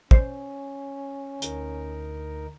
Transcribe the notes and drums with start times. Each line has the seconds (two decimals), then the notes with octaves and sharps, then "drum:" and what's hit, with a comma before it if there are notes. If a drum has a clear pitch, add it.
0.11 C#4 C5 D5 C7, drum: kick
1.42 D2 D#4 A#4, drum: hi-hat